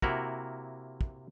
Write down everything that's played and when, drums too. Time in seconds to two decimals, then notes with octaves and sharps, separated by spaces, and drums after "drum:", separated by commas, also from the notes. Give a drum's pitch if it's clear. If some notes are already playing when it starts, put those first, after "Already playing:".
0.02 C3 A#3 E4 F#4 A#4, drum: kick
1.01 drum: kick